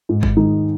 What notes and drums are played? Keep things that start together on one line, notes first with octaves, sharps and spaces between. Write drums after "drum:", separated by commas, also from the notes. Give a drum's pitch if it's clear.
G#2
drum: kick G1
D#3 G#3 D#4